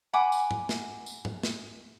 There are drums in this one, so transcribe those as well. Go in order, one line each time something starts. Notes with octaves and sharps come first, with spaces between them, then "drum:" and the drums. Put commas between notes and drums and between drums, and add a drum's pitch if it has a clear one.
F#5 G#5 B5 D6
drum: tambourine
drum: tom G#2
drum: snare
drum: tambourine
drum: tom G#2
drum: snare